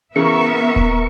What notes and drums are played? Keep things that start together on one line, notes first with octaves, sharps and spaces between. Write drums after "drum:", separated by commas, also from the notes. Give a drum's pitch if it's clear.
C#3 E3 B3 A#4 E5 C#6
drum: kick D#1